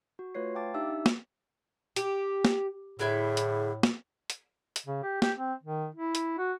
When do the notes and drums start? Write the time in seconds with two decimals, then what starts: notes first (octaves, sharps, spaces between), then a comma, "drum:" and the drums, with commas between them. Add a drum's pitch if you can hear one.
0.19 F#4
0.35 A3 F4 B4 C#5 C7
0.55 F5 G5 A5 D6 A6
0.74 D4 D#4 G4 E5 E6
0.90 D#4
1.06 drum: snare
1.96 G4, drum: hi-hat
2.45 drum: snare
3.00 A2 D3 E4 G#4 E5
3.37 drum: hi-hat
3.83 drum: snare
4.30 drum: hi-hat
4.76 drum: hi-hat
4.86 C#3
5.03 G4
5.22 G4, drum: snare
5.38 C4
5.63 D#3
5.95 E4
6.15 drum: hi-hat
6.38 F#4